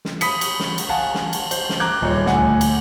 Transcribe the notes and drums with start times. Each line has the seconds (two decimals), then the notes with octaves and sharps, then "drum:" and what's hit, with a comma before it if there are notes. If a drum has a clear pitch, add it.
0.05 drum: snare
0.21 B5 D#6 B6 C#7, drum: cymbal
0.41 drum: cymbal
0.60 drum: snare
0.78 drum: cymbal
0.89 F5 F#5 G#5 A5
1.14 drum: snare
1.33 drum: cymbal
1.51 C5, drum: cymbal
1.69 drum: snare
1.80 A#5 D6 F#6 G#6
2.02 D#1 C#5
2.26 D2 F#5 G#5, drum: snare
2.61 drum: cymbal